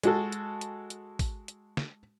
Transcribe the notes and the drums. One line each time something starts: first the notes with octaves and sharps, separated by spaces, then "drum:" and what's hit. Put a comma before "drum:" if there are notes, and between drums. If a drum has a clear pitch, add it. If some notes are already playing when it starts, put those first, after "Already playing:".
G#3 F#4 A4, drum: hi-hat
drum: hi-hat
drum: hi-hat
drum: hi-hat
drum: kick, open hi-hat
drum: hi-hat
drum: snare